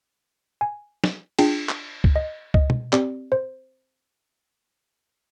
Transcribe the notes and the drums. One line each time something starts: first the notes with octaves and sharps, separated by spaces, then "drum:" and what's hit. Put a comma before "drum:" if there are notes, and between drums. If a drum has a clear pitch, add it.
G#5
drum: snare
D4 F4 G#4 G5, drum: cymbal
drum: clap
drum: kick C#2
D#5
D#5, drum: kick C#2
drum: tom
C4 G4 D5, drum: clap
C5